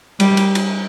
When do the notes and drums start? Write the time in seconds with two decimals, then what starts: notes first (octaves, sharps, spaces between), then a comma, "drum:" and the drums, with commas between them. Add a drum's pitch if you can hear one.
0.20 G3, drum: cymbal
0.37 drum: cymbal
0.55 drum: cymbal